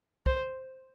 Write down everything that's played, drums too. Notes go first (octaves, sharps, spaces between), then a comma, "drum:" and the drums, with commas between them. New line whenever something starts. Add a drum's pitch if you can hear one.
C5, drum: kick